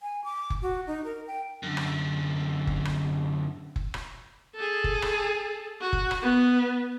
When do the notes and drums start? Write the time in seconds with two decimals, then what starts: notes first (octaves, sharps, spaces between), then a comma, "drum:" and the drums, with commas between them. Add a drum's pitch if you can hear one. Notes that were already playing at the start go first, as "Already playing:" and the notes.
0.02 G#5
0.24 D6
0.50 drum: kick F#1
0.62 F#4
0.87 D#4
1.05 A#4
1.27 G5
1.63 F#2 D3
1.77 drum: rim click
2.67 drum: kick F#1
2.85 drum: rim click
3.76 drum: kick F#1
3.94 drum: rim click
4.55 G#4 A4
4.84 drum: kick F#1
5.02 drum: rim click
5.81 F#4
5.93 drum: kick F#1
6.11 drum: rim click
6.22 B3